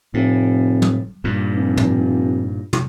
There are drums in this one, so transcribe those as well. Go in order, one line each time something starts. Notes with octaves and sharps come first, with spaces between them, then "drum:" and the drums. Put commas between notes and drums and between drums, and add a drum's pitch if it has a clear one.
F1 A2
drum: tom
G2 A#2
F1
drum: tom
drum: tom